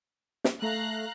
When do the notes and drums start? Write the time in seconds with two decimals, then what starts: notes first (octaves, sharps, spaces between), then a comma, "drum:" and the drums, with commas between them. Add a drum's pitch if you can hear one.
0.44 drum: snare
0.62 A3 F5 A#5 F#6